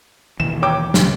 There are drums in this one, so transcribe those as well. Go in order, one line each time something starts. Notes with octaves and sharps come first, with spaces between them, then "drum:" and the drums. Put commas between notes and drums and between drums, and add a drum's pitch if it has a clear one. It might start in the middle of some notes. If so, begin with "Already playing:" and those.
D#2 B2 E3 E7
C#5 G5 D6
D2 C#3, drum: snare